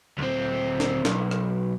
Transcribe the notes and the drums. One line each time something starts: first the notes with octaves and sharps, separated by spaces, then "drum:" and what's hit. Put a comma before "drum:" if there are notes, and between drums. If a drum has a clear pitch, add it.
D2 C4
drum: snare
B1, drum: snare
drum: rim click